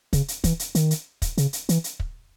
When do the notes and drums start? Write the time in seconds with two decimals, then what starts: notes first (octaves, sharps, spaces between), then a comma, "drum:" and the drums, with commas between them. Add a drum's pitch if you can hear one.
0.13 C#3, drum: kick, hi-hat
0.28 drum: hi-hat
0.44 E3, drum: kick, hi-hat
0.59 drum: hi-hat
0.75 D#3, drum: hi-hat
0.91 drum: hi-hat
1.22 drum: kick, hi-hat
1.38 C#3, drum: hi-hat
1.53 drum: hi-hat
1.69 E3, drum: hi-hat
1.84 drum: hi-hat
2.00 drum: kick